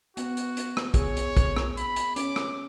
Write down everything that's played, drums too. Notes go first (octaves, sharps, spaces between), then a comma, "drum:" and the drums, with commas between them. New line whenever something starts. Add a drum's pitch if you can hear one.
B3 F#4, drum: hi-hat
drum: hi-hat
drum: hi-hat
drum: rim click
G#4 C#5, drum: kick, hi-hat
drum: hi-hat
drum: kick, hi-hat
drum: rim click
B5, drum: hi-hat
drum: hi-hat
C#4 D6, drum: hi-hat
drum: rim click